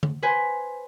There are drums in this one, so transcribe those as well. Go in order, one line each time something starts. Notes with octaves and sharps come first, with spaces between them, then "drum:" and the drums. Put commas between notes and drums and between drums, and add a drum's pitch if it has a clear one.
drum: tom D3
B4 C5 G#5